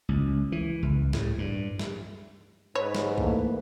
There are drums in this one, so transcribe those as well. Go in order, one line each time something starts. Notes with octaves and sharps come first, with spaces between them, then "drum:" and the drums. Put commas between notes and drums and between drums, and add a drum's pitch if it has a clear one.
C#2
E3
C#2
A2, drum: snare
G2
drum: snare
G#2 B4 C#5
drum: snare
E3 A3 A#3, drum: kick B1